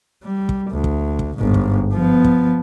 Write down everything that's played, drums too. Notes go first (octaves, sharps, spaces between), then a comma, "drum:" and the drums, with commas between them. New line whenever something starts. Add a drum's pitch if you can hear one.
G3
drum: kick
D2
drum: kick
drum: kick
G1 G#2
drum: kick
F3 B3
drum: kick